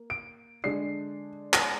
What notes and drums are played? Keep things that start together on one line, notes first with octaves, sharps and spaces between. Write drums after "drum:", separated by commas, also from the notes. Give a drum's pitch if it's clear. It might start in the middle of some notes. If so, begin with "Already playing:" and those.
Already playing: A#3
D7
D3 G#3 D4 C7
A#6, drum: clap